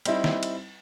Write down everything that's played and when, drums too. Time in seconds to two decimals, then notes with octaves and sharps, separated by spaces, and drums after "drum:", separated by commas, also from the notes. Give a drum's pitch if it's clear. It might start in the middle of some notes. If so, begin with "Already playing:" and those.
0.05 G3 C4 D#4 E4, drum: cymbal
0.24 drum: snare
0.43 drum: cymbal